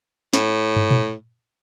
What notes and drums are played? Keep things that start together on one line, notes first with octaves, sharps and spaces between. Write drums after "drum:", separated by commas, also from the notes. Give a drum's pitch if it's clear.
A2, drum: snare
drum: tom
drum: tom A#2